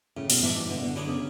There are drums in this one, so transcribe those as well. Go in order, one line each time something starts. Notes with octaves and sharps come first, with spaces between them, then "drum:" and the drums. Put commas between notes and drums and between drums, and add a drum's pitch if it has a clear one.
A2 C#3
B2, drum: open hi-hat
A2 E3 G#3 D4 A4
G#2
B2 D3
D3
D3 F#3 B3 D4 G#4
C#3